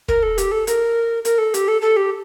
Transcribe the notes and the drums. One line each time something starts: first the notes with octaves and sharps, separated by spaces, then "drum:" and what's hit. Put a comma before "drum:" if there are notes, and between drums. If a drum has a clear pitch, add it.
A#4, drum: kick
A4
G4, drum: hi-hat
A4
A#4, drum: hi-hat
A#4, drum: hi-hat
A4
G4, drum: hi-hat
A4
A4
G4